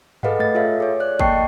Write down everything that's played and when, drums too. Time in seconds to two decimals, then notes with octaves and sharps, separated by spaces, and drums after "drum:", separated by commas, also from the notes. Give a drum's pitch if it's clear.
0.23 G#4 A4 B4 D#5 F5 F#5, drum: tom G2
0.39 A3 A6
0.54 F4 G#4 A4 C#5 E5 F5
0.80 G#4 C#5
1.00 D5 F#6
1.19 A#3 D#5 G5 A5 C#6 C7, drum: kick